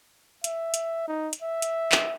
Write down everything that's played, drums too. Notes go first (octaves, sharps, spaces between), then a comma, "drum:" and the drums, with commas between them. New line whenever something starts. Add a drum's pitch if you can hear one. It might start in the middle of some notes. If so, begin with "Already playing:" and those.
E5, drum: hi-hat
drum: hi-hat
D#4
drum: hi-hat
E5
drum: hi-hat
drum: clap